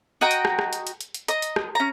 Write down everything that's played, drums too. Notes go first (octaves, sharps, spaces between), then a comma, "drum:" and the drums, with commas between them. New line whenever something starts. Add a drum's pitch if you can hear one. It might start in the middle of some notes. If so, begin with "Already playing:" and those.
F#4 D#5 G5 A#5
drum: hi-hat
drum: rim click
drum: rim click
drum: hi-hat
drum: hi-hat
drum: hi-hat
drum: hi-hat
D#5 A#5, drum: hi-hat
drum: hi-hat
drum: rim click
C#4 A#5